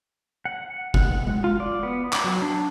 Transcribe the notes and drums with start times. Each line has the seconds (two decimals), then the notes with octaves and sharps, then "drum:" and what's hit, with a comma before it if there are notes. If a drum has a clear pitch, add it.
0.45 F#5
0.94 F#5, drum: kick F1
1.27 drum: tom G#3
1.44 F4
1.60 D5
1.83 B3
2.13 D6, drum: clap
2.24 F#3
2.42 D4